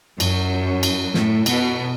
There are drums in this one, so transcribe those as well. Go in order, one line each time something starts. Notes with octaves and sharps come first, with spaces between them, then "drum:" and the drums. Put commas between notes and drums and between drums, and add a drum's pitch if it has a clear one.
F#2, drum: cymbal
drum: cymbal
A2, drum: snare
B2, drum: cymbal